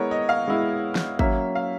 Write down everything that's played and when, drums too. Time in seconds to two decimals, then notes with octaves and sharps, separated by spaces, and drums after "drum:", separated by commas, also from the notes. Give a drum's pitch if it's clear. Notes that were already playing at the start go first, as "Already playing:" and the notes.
Already playing: G#3 B3 E4 A#4 C#5
0.11 D#5
0.29 F5
0.47 G#3 B3 E4
0.95 drum: snare
1.19 F#3 A#3 C#4 E5, drum: kick G#1
1.55 F5